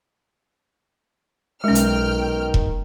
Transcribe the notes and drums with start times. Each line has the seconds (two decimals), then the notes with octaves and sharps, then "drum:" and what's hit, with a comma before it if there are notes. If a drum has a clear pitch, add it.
1.64 B1 D#3 G#3 C#4 G5 F6
1.75 drum: hi-hat
2.54 drum: kick E1